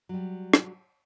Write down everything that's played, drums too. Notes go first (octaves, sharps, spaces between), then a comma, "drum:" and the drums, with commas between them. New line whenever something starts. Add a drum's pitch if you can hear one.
F#3 G3
drum: rim click